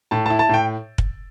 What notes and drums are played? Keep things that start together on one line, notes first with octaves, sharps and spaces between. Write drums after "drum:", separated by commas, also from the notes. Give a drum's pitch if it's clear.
A2 A5
A5
E4
A5
A2 G5
drum: kick